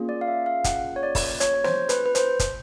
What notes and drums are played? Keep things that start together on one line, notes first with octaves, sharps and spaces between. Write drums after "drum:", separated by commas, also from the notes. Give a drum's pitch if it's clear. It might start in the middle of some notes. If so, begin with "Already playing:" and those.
Already playing: A#3 C#4 F4 G#4
D5
F5
E5
F5
F#5, drum: kick, hi-hat
C#5
D5
drum: kick, open hi-hat
C#5, drum: hi-hat
C#5
C5, drum: snare
B4, drum: hi-hat
B4
C5, drum: hi-hat
drum: kick, hi-hat